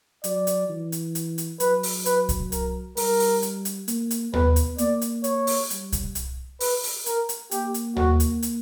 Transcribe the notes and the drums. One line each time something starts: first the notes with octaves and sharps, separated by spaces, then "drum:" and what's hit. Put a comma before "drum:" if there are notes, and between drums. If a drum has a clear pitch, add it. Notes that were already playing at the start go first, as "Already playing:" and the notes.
F#3 D5, drum: hi-hat
drum: hi-hat
E3
drum: hi-hat
drum: hi-hat
drum: hi-hat
F#3 B4, drum: hi-hat
drum: open hi-hat
B4, drum: hi-hat
drum: kick C2, hi-hat
A#4, drum: hi-hat
G3 A#4, drum: open hi-hat
drum: open hi-hat
drum: hi-hat
drum: hi-hat
A#3, drum: hi-hat
drum: hi-hat
B3 B4, drum: tom D#2
drum: hi-hat
A#3 D5, drum: hi-hat
drum: hi-hat
C#5, drum: hi-hat
drum: open hi-hat
G3, drum: hi-hat
drum: kick C2, hi-hat
drum: hi-hat
B4, drum: open hi-hat
drum: open hi-hat
A#4, drum: hi-hat
drum: hi-hat
A#3 G4, drum: hi-hat
drum: hi-hat
F#4, drum: tom D#2
drum: hi-hat
drum: hi-hat